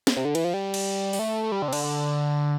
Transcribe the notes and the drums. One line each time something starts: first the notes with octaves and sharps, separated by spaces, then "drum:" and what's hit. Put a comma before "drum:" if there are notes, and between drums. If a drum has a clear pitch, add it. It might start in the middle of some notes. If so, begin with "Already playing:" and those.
drum: snare
C3
D3
E3, drum: cymbal
F3
G3
drum: cymbal
G3, drum: open hi-hat
A3
A3
G3
D3
C3
D3, drum: cymbal
D3